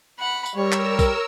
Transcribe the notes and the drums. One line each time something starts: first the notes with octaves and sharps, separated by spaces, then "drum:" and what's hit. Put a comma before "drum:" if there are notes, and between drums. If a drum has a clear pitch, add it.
F#5 B5
drum: tambourine
G3 A#4 C#5 E6
drum: clap
drum: kick, tambourine